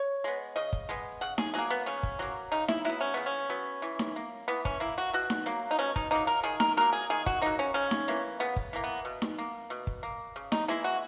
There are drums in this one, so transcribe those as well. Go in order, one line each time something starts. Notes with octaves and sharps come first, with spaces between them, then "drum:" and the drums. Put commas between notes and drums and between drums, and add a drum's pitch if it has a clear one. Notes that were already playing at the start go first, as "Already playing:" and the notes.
Already playing: C#5
G#3 B3
C#3 D#5
drum: kick
G#3 B3
C#3 F#5
G#4, drum: snare D#4
F#3 A#3 G#4
B3
C#3 C#4
drum: kick
F#3 A#3
C#3 D#4
E4, drum: snare D#4
F#3 B3 E4
C#4
C#3 B3
C#4
F#3 B3
E3
drum: snare D#4
A#3
E3 B3
C#4, drum: kick
A#3 E4
F#4
B2 F#4
drum: snare D#4
F#3 A#3
D#4
B2 C#4
D#4, drum: kick
F#3 A#3 D#4
A#4
D#3 G#4
A#4, drum: snare D#4
F#3 A#3 A#4
G#4
D#3 G#4
F#4, drum: kick
F#3 A#3 D#4
C#4
C#3 C#4
drum: snare D#4
E3 A#3
C#3 B3
drum: kick
E3 A#3
B3
B2
drum: snare D#4
A#3
B2
drum: kick
A#3
C#3
D#4, drum: snare D#4
E3 G#3 E4
F#4